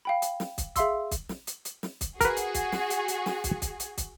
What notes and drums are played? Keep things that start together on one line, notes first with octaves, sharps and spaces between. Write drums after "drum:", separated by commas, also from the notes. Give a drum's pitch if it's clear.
F5 G5 B5
drum: hi-hat
drum: snare
drum: kick, hi-hat
G#4 E5 F5 C6 E6, drum: kick, hi-hat
drum: kick, hi-hat
drum: snare
drum: hi-hat
drum: hi-hat
drum: snare
drum: kick, hi-hat
F#4 G#4 A#4 B4, drum: kick, hi-hat
drum: hi-hat
drum: kick, hi-hat
drum: snare
drum: hi-hat
drum: hi-hat
drum: snare
drum: kick, hi-hat
drum: kick, hi-hat
drum: hi-hat
drum: kick, hi-hat